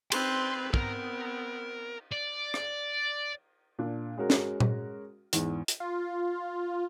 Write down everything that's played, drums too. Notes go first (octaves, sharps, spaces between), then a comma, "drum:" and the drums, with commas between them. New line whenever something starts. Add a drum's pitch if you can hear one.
C4 B4 C6, drum: cymbal
B3 C4 A#4, drum: kick
D5
drum: rim click
A#2 D4
G#3 C#4 F#4 A#4
drum: snare
drum: tom A#2
E2 G#2, drum: hi-hat
drum: hi-hat
F4